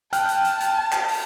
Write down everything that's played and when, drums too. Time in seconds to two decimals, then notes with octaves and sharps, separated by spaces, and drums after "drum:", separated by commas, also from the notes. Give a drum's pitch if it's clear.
0.13 G5 A5 F6 F#6, drum: hi-hat
0.29 drum: hi-hat
0.45 drum: hi-hat
0.60 drum: hi-hat
0.92 drum: clap
1.08 drum: open hi-hat